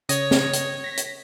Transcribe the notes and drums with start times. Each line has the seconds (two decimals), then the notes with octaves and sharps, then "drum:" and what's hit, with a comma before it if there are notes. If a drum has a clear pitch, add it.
0.09 C#3 C#5 D#6 A#6, drum: hi-hat
0.31 drum: snare
0.53 drum: hi-hat
0.84 A#6 B6
0.97 drum: hi-hat